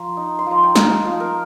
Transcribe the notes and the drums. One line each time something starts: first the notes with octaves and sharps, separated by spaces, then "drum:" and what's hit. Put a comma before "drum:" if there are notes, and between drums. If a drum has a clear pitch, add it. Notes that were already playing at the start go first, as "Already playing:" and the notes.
Already playing: F3 A#5
D#4
C6
F3 A#5
G5
D#4 F5, drum: snare
F3
A#4